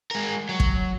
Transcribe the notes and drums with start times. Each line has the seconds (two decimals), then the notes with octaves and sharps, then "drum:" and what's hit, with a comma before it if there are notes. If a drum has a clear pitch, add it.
0.11 G#3 A#4
0.49 F#3
0.60 drum: kick